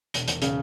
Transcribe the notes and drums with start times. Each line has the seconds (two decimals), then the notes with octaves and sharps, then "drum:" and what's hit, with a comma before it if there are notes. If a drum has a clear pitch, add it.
0.14 E1, drum: hi-hat
0.28 E1, drum: hi-hat
0.42 C#3, drum: hi-hat